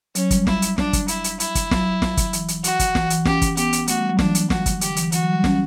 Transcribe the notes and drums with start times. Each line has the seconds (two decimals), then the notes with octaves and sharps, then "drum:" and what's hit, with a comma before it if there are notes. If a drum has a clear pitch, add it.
0.15 F#3 C#4, drum: hi-hat
0.31 G3, drum: kick, hi-hat
0.47 E4, drum: snare
0.62 drum: hi-hat
0.78 D4, drum: snare
0.93 drum: kick, hi-hat
1.08 E4, drum: hi-hat
1.24 drum: hi-hat
1.40 E4, drum: hi-hat
1.55 drum: kick, hi-hat
1.71 F#3, drum: snare
2.02 drum: snare
2.17 drum: kick, hi-hat
2.33 E3, drum: hi-hat
2.48 drum: hi-hat
2.64 F#4, drum: hi-hat
2.79 drum: kick, hi-hat
2.95 E3, drum: snare
3.10 E3, drum: hi-hat
3.25 C#4 G4, drum: snare
3.42 drum: kick, hi-hat
3.57 B3 G4, drum: hi-hat
3.73 drum: hi-hat
3.88 A3 F#4, drum: hi-hat
3.99 G3
4.09 F#3
4.19 E3 D4, drum: snare
4.35 drum: hi-hat
4.50 F#4, drum: snare
4.66 drum: kick, hi-hat
4.81 D3 G4, drum: hi-hat
4.96 E3, drum: hi-hat
5.12 E3 F#4, drum: hi-hat
5.23 F#3
5.33 G3
5.44 C#4, drum: snare